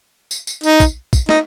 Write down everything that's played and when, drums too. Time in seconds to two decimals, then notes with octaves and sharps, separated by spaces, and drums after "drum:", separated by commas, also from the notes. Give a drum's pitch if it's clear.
0.31 drum: tambourine
0.47 drum: tambourine
0.63 D#4, drum: tambourine
0.80 drum: kick, tambourine
1.13 drum: kick, tambourine
1.29 D#4, drum: snare